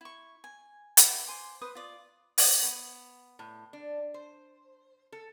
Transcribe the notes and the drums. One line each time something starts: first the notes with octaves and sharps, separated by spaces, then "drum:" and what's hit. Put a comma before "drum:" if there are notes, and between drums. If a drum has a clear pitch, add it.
E4 C#6
G#5
B4 E5 F#5 G5, drum: hi-hat
C5 G#5 C6 D6
B4 C5 D#6
F4 D5
drum: open hi-hat
B3
A2
D4
C5
A4